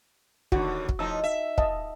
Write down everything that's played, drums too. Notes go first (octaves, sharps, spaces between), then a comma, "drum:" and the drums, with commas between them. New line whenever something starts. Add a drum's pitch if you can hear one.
D#2 D3 F#4 F#5, drum: kick
drum: kick
A2 F3 D#4 A5 E6
E5
D#5 F5 A5, drum: kick